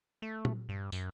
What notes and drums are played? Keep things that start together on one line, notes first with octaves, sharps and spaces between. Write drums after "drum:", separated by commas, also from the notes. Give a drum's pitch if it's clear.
A3
drum: tom
G2
F#2, drum: tambourine